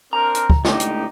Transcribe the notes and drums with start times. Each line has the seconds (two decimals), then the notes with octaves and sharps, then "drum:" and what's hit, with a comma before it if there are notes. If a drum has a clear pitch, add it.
0.13 C4 D4 A#4 A#5
0.35 drum: hi-hat
0.50 drum: kick
0.65 C#2 A2 D3 D#4 G4, drum: snare
0.80 drum: hi-hat